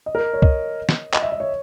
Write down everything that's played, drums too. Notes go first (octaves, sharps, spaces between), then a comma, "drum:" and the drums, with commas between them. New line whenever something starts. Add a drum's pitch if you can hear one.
D#5
A#4
C#5
D#5, drum: kick C2
drum: snare
D#5, drum: clap
E5
D#5
C#5